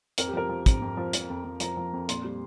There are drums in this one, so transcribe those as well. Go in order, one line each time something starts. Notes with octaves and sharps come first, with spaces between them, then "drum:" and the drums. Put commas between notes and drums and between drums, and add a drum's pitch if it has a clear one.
F2 A#4, drum: hi-hat
G4
F3 A#4
F3
F2, drum: kick, hi-hat
F2
F3
F3, drum: hi-hat
F2
F2
F3 A#5, drum: hi-hat
F3
F2
A#2 C6, drum: hi-hat
G3